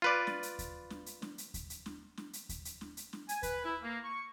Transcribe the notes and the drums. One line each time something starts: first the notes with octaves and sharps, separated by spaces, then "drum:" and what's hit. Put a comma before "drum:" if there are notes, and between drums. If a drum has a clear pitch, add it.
F4 B4 D5
drum: snare
drum: hi-hat
drum: kick D#2, hi-hat
drum: snare
drum: hi-hat
drum: snare
drum: hi-hat
drum: kick D#2, hi-hat
drum: hi-hat
drum: snare
drum: snare
drum: hi-hat
drum: kick D#2, hi-hat
drum: hi-hat
drum: snare
drum: hi-hat
drum: snare
G#5, drum: hi-hat
B4, drum: kick D#2, hi-hat
E4
A#3
C#6